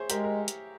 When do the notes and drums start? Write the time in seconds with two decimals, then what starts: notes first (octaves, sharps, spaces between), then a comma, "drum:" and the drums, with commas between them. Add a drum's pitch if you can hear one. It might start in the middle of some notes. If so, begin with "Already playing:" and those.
Already playing: G#4 C5 C#5 E5
0.10 G#3 G4 A#4, drum: hi-hat
0.24 A#4
0.48 drum: hi-hat